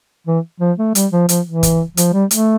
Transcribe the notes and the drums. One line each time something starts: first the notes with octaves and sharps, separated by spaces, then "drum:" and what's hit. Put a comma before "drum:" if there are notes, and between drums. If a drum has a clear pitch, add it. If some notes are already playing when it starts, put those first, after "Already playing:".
E3
F3
A3
G3, drum: hi-hat
F3
F3, drum: hi-hat
E3
drum: kick, hi-hat
F3, drum: hi-hat
G3
A3, drum: hi-hat